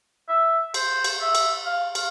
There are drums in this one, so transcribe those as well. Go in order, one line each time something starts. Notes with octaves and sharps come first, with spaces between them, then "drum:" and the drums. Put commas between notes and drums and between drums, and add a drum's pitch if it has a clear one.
E5
C5, drum: cymbal
drum: cymbal
E5
drum: cymbal
F5
F5, drum: cymbal